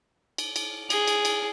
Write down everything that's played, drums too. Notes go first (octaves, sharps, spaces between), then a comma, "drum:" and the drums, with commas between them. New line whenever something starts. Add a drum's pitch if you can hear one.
drum: cymbal
drum: cymbal
G#4, drum: cymbal
drum: cymbal
drum: cymbal